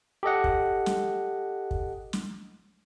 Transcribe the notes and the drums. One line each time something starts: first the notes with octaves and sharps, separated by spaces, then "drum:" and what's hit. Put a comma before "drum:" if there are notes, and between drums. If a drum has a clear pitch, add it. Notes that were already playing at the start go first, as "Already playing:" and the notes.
G4 A4 D#5 F#5
drum: kick
drum: snare
drum: kick
drum: snare